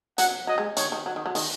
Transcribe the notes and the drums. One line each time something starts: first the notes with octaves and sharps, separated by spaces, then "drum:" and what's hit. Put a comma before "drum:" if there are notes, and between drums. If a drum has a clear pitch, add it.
F#3 F#5, drum: hi-hat
F#3 D#5
G#3
D#3 C#5, drum: hi-hat
D#3
F#3
D#3
F#3
D#3, drum: open hi-hat